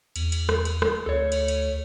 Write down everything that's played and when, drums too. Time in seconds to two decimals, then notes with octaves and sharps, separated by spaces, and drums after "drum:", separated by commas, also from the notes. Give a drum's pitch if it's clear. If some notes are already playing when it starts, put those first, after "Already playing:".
0.16 E2, drum: cymbal
0.32 drum: cymbal
0.49 drum: rim click
0.65 drum: cymbal
0.82 drum: rim click
1.06 D2 A4 C#5
1.32 drum: cymbal
1.48 drum: cymbal